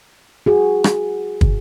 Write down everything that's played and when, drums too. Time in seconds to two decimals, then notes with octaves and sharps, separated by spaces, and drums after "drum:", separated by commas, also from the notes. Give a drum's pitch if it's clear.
0.46 F#4 G#4
0.84 drum: rim click
1.41 drum: kick